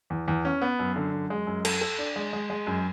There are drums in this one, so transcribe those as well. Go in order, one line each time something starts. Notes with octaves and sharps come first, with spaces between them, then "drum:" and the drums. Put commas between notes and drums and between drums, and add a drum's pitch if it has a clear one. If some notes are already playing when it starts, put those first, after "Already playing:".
E2
E2
C#4
B3
F#2
D3
F#2
G#3
F#2
A4, drum: cymbal
A4
D4
G#3
G#3
G#3
F#2